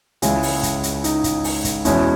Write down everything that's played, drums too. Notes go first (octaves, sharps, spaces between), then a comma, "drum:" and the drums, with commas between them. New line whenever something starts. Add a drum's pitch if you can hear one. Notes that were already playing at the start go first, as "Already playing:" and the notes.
C#2 C#3 G#3 E4 G#4, drum: hi-hat
drum: open hi-hat
drum: kick, hi-hat
drum: hi-hat
D#4, drum: hi-hat
drum: kick, hi-hat
drum: open hi-hat
drum: kick, hi-hat
E2 B2 G#3 C#4 E4, drum: hi-hat